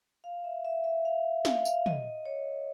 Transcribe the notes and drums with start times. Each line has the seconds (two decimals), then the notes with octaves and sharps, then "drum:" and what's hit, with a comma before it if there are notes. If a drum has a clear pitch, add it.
0.24 F5
0.44 E5
0.65 E5
0.84 E5
1.05 F5
1.45 F5, drum: snare
1.65 F5, drum: tambourine
1.86 D#5, drum: tom
2.26 C#5